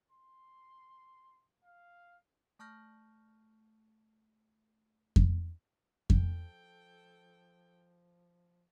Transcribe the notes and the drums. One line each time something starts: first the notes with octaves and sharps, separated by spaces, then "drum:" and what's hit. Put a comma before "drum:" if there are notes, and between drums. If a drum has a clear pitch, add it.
C6
F5
A3 A5 C#6 F6 G6 A#6
drum: kick F2
F3 A4 G5, drum: kick F2